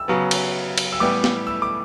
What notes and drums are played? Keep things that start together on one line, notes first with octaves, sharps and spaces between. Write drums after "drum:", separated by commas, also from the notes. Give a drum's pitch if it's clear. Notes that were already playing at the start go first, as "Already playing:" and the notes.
Already playing: E6
C#3 F#3 B3
drum: cymbal
drum: cymbal
E6
A2 E3 G3 B3 D6
drum: snare
E6
D6